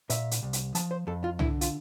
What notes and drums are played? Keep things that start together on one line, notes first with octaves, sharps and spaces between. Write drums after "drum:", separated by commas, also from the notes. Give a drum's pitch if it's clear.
A#2 E5, drum: hi-hat
drum: hi-hat
C2
drum: hi-hat
F3 A5, drum: hi-hat
C5
F2 A4
F4
D3 E4, drum: tom C2
F4, drum: hi-hat